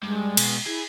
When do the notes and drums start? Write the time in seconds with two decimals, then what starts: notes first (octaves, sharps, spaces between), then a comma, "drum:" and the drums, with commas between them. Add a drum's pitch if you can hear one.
0.03 G2 G#3
0.37 B2, drum: cymbal
0.67 E4 G#4